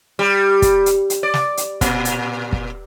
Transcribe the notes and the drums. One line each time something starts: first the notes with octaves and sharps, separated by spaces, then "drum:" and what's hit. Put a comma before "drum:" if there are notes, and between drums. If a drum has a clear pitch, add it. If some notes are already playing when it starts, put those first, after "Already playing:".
G3
drum: kick, hi-hat
drum: hi-hat
drum: hi-hat
D5
drum: snare
drum: hi-hat
A#2, drum: kick, hi-hat
drum: hi-hat
drum: kick